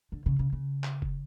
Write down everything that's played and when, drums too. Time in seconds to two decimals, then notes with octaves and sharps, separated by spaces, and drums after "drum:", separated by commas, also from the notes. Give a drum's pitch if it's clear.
0.12 D3
0.26 C#3
0.39 C#3
0.53 C#3
0.84 drum: clap
1.02 drum: kick F1